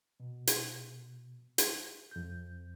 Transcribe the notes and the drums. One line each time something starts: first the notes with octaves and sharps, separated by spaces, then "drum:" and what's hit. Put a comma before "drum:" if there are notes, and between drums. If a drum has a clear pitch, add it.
B2
drum: hi-hat
drum: hi-hat
F2 G6